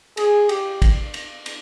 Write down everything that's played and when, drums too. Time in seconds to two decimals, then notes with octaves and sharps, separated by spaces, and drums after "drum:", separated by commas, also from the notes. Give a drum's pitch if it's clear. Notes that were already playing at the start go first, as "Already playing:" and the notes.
0.17 G#4, drum: cymbal
0.49 G4, drum: cymbal
0.82 drum: kick, cymbal
1.14 drum: cymbal
1.46 drum: cymbal